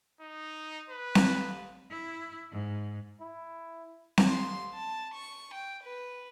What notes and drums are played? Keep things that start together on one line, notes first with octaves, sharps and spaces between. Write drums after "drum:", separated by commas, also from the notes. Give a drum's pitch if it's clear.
D#4
B4
drum: snare C4
E4
G#2
E4
drum: snare C4
C6
A5
C#6
G5
B4